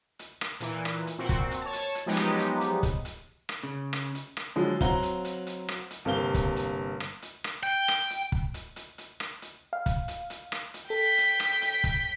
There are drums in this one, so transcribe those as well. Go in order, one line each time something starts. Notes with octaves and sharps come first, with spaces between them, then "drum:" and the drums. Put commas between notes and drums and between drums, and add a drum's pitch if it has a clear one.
drum: hi-hat
drum: rim click
A#2 E3, drum: hi-hat
drum: rim click
drum: hi-hat
A#2 C4 F#4
drum: kick, hi-hat
drum: hi-hat
C#5 A5
drum: hi-hat
drum: hi-hat
F3 F#3 G#3 B3 D#4 G4
drum: rim click
drum: hi-hat
drum: hi-hat
drum: kick, hi-hat
drum: hi-hat
drum: rim click
C#3
drum: rim click
drum: hi-hat
drum: rim click
D3 F3 F#3 G#3
F#3 C4 F5 F#5 A#5 G7, drum: kick, hi-hat
drum: hi-hat
drum: hi-hat
drum: hi-hat
drum: rim click
drum: hi-hat
G1 C3 A#3 C4 F5 G7
drum: kick, hi-hat
drum: hi-hat
drum: rim click
drum: hi-hat
drum: rim click
G5
drum: rim click
drum: hi-hat
drum: kick
drum: hi-hat
drum: hi-hat
drum: hi-hat
drum: rim click
drum: hi-hat
F5
drum: kick, hi-hat
drum: hi-hat
drum: hi-hat
drum: rim click
drum: hi-hat
A4 G5 B6
drum: hi-hat
drum: rim click
drum: hi-hat
drum: kick, hi-hat